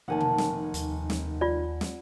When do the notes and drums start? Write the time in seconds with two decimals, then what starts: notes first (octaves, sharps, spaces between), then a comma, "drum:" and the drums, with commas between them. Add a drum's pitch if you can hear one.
0.08 F1 D#3 F3 A#3 F#5 G#5 A5
0.20 drum: tom B2
0.38 drum: snare
0.74 D#2, drum: hi-hat
1.10 drum: snare
1.41 F4 D5
1.81 drum: snare